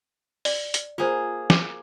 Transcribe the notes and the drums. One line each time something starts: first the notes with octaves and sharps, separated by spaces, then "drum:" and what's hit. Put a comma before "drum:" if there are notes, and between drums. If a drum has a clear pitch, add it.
D5, drum: open hi-hat
drum: hi-hat
A#3 F4 G#4 C5
D6, drum: snare